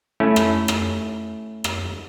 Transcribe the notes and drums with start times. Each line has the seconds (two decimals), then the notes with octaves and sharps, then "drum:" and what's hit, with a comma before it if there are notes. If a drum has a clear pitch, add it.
0.20 A3 C#4 E4
0.36 drum: rim click
0.68 drum: rim click
1.64 drum: rim click